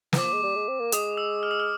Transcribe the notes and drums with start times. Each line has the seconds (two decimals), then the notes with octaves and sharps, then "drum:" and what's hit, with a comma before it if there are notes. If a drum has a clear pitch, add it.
0.13 E3, drum: snare
0.18 F3 D6
0.33 G#3
0.43 G3
0.56 G#3
0.68 C4
0.80 A#3
0.92 G#3 D#6, drum: hi-hat
1.17 E6
1.43 F6
1.51 E6
1.60 F6